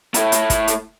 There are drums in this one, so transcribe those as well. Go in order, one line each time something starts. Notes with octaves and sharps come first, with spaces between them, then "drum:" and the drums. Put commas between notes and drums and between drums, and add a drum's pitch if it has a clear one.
A3 E4, drum: hi-hat
drum: hi-hat
drum: kick, hi-hat
drum: hi-hat